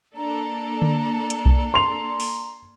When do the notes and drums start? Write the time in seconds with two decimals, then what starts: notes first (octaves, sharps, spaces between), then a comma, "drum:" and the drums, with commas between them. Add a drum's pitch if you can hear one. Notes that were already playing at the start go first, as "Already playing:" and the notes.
0.16 A#3 D4 A4 A#5
0.82 drum: tom D3
1.30 drum: hi-hat
1.46 drum: kick B1
1.74 C6 F7
2.20 drum: open hi-hat